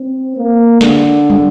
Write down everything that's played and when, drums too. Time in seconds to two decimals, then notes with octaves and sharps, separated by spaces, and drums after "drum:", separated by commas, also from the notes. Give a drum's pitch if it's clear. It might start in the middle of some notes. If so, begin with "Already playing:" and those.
Already playing: C4
0.37 A#3
0.81 D3, drum: snare
1.30 drum: tom